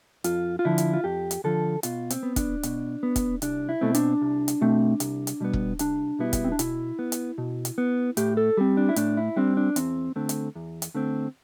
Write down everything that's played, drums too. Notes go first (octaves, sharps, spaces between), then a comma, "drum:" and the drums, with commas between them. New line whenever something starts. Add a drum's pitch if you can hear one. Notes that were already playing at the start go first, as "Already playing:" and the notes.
F2 F4, drum: hi-hat
F4
D3 F3 E4
drum: hi-hat
F4
F2 G4
drum: hi-hat
D3 F3 A4
B2 F4, drum: hi-hat
C4, drum: hi-hat
B3
D4, drum: kick E1, hi-hat
B2, drum: hi-hat
B3
drum: kick E1, hi-hat
C2 D4, drum: hi-hat
E4
B2 A3 C4
D4, drum: hi-hat
C2
drum: hi-hat
B2 A3 C4
C2, drum: hi-hat
drum: hi-hat
B2 G3 B3
drum: kick E1
C2 D4, drum: hi-hat
B2 G3 B3 E4
drum: kick E1, hi-hat
C4
D4
B2 E4, drum: hi-hat
B3
drum: hi-hat
B2
drum: hi-hat
B3
A2 G4, drum: hi-hat
A4
G3 C4
D4
E4
A2 D4, drum: hi-hat
E4
G3 C4 D4
D4
E2 C4, drum: hi-hat
D3 A3 C4
drum: hi-hat
E2
drum: hi-hat
D3 A3 C4